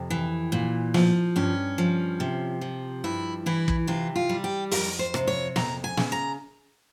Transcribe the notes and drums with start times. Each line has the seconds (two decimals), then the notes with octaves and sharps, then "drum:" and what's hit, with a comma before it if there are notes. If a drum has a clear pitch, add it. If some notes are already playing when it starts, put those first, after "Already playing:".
Already playing: F2 C3
0.10 E3
0.52 A#2
0.94 F3, drum: snare
1.36 G2 C#4
1.78 F3
2.20 C3
2.61 F3
3.04 G2 E4
3.46 E3 E4
3.68 drum: kick
3.87 C3 F4
4.16 F4
4.29 G3
4.44 G4
4.71 F2 A#4, drum: open hi-hat
4.99 C5
5.14 C3, drum: rim click
5.27 C#5
5.56 F2 A#5, drum: snare
5.84 G#5
5.97 C#3, drum: snare
6.12 A#5